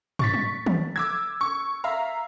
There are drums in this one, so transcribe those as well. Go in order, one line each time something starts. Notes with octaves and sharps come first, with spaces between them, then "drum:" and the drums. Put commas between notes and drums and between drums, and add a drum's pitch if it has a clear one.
C#6 A6 B6, drum: tom
drum: tom
drum: tom
D6 E6 G#6
C#6
E5 F5 A#5